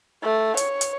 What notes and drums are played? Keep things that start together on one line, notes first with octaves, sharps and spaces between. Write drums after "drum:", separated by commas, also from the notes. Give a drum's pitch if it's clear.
A3
C#5, drum: hi-hat
drum: hi-hat